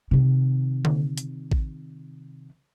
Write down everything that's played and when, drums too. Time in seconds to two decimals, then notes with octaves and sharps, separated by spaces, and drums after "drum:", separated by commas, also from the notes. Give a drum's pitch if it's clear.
0.11 C3 D#3
0.85 drum: tom D3
1.18 drum: hi-hat
1.52 drum: kick A1